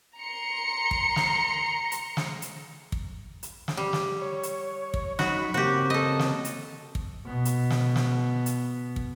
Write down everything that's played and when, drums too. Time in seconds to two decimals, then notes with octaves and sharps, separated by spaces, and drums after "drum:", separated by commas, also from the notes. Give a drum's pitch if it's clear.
0.16 A#5 C6 C#7
0.91 drum: kick
1.16 drum: snare
1.92 drum: hi-hat
2.17 drum: snare
2.42 drum: hi-hat
2.92 drum: kick
3.43 drum: hi-hat
3.68 drum: snare
3.77 G3
3.93 drum: snare
4.21 C#5
4.43 drum: hi-hat
4.94 drum: kick
5.19 F#3 D#4 F#4 B5, drum: snare
5.54 C#3 A#3 C4 F#4 G4
5.90 A4 D#5
6.19 drum: snare
6.45 drum: hi-hat
6.95 drum: kick
7.26 B2 B3
7.45 drum: hi-hat
7.70 drum: snare
7.96 drum: snare
8.46 drum: hi-hat
8.96 drum: kick